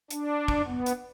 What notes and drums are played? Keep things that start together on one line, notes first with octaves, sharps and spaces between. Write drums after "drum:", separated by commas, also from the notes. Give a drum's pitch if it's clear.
D4, drum: hi-hat
drum: kick
B3
drum: hi-hat